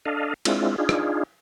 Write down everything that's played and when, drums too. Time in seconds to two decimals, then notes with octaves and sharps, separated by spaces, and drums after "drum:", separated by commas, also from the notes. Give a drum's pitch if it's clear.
0.06 D4 A4 D#5 F5
0.45 G#3 C4 D4 E4 F4, drum: cymbal
0.78 D4 D#4 F4 G#4
0.89 drum: rim click